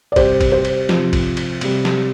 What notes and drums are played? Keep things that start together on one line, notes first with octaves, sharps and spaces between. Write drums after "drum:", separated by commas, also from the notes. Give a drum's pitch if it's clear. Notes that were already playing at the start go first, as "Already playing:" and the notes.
D5
C3 G3 G4 C5, drum: kick, cymbal
drum: kick, cymbal
G4 C5
drum: cymbal
C3 F3, drum: snare
drum: kick, cymbal
drum: cymbal
C3 G3, drum: cymbal
drum: snare